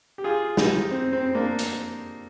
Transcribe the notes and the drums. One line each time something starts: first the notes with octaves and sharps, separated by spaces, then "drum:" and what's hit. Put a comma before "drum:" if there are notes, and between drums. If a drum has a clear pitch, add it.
G4
F4 G#4
D#4 G4, drum: snare
C4
C4
C4
A#3 D4
drum: hi-hat